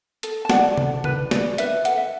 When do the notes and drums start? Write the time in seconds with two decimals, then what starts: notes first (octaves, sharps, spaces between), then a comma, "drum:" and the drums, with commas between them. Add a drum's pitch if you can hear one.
0.23 A4, drum: hi-hat
0.45 A5
0.50 D4 D5 F#5, drum: snare
0.77 A4, drum: tom C3
1.04 D4 B4, drum: tom C#3
1.31 D4 D5, drum: snare
1.58 D4 B4 E5, drum: hi-hat
1.85 A4 F#5, drum: hi-hat
1.97 E5